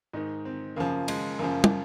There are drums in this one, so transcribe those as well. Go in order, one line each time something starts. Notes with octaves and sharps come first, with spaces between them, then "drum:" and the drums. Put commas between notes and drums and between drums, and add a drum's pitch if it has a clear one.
G#2 D#3 D#4
C4
F#2 C#3 F3 A#3
G#3, drum: cymbal
F#2 C#3 F3 A#3
drum: tom